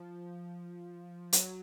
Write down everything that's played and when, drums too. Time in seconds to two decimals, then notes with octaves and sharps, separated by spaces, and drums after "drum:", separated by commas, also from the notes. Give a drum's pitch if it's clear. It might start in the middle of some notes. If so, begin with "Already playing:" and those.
Already playing: F3
1.33 F#3, drum: hi-hat